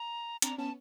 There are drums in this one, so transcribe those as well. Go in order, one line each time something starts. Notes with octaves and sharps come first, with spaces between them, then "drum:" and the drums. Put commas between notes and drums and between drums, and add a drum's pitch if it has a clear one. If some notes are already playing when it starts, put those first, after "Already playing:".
Already playing: A#5
C4 D4 A#5, drum: hi-hat
B3 C#4 A5